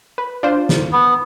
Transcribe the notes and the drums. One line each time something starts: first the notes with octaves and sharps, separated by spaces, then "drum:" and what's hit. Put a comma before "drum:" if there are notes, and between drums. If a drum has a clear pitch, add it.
B4
D4 F4 C5
drum: snare
B3